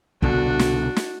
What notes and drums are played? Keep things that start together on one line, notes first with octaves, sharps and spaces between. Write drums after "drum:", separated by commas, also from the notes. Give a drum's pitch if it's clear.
C2 B2 D3 D4 F#4, drum: kick
drum: snare
drum: snare